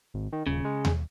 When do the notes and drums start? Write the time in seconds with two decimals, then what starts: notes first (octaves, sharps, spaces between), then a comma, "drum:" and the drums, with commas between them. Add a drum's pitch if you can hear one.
0.14 G#1
0.32 D#3
0.47 D#1 C#3
0.65 G#3
0.85 drum: tom D#2